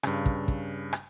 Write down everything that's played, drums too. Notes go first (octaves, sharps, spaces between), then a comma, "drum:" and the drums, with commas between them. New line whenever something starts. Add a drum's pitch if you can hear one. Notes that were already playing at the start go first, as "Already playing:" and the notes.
G2 C#3, drum: rim click
drum: kick
drum: kick
drum: rim click